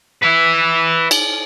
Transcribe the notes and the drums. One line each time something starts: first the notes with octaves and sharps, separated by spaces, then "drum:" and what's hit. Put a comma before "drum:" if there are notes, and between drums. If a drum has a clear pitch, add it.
B4 E5
drum: cymbal